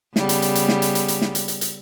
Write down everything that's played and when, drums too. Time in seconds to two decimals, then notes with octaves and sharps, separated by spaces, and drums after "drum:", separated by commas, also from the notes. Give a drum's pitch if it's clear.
0.16 C#3 G3 B3, drum: snare
0.29 drum: hi-hat
0.42 drum: hi-hat
0.55 drum: hi-hat
0.69 drum: snare
0.82 drum: hi-hat
0.95 drum: hi-hat
1.08 drum: hi-hat
1.22 drum: snare
1.35 drum: hi-hat
1.48 drum: hi-hat
1.61 drum: hi-hat